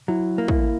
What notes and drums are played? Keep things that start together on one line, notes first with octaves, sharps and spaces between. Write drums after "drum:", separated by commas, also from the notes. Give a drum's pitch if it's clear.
F#3 E4
A#3
E4, drum: kick